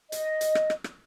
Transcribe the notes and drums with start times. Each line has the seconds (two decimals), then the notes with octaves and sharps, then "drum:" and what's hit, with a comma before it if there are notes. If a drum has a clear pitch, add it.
0.12 D#5, drum: hi-hat
0.41 drum: hi-hat
0.55 drum: rim click
0.70 drum: rim click
0.84 drum: rim click